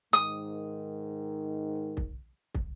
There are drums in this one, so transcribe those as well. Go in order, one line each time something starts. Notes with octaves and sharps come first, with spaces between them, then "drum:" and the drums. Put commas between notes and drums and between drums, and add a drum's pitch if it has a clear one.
G#2 D#3 D#6
drum: kick
drum: kick